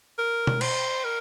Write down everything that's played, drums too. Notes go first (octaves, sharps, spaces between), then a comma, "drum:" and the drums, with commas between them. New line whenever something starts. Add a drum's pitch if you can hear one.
A#4
drum: tom B2
C5, drum: cymbal
A#4